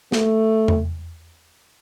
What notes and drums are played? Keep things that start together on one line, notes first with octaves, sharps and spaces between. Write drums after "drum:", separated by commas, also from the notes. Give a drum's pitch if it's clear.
A3, drum: snare
drum: tom E2